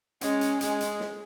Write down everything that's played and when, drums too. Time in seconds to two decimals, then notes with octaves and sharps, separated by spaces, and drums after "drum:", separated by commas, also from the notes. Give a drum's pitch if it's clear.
0.21 G#3 C#4, drum: hi-hat
0.41 drum: hi-hat
0.61 G#3, drum: hi-hat
0.81 drum: hi-hat
1.00 drum: snare